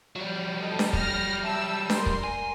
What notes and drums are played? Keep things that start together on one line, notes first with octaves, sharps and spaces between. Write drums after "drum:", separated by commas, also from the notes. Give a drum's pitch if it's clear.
F#3 G3
A4 D#5
drum: snare D4
F6 A#6, drum: kick
E5 A5 E6
A#4 C6, drum: snare D4
drum: kick
G#5